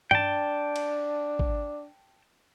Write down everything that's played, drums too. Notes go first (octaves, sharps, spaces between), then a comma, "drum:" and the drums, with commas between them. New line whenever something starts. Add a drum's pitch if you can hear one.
D4 G5 A5, drum: tom G2
drum: cymbal
drum: kick